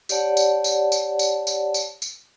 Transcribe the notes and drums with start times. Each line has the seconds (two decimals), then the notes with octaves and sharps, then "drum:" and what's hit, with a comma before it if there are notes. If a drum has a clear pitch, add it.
0.09 G4 C#5 D5 F#5 A5, drum: tambourine
0.37 drum: tambourine
0.64 drum: tambourine
0.92 drum: tambourine
1.19 drum: tambourine
1.47 drum: tambourine
1.74 drum: tambourine
2.02 drum: tambourine